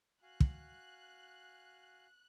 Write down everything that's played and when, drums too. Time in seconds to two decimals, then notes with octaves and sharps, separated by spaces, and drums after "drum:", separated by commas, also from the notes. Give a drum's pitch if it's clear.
0.23 F#4 F5 G#5 F#6
0.40 drum: kick